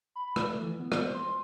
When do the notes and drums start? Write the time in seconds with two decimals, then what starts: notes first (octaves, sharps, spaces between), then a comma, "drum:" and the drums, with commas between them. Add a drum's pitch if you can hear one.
0.16 B5
0.36 A3, drum: rim click
0.62 E3
0.80 B3
0.92 drum: rim click
1.01 C5
1.15 C6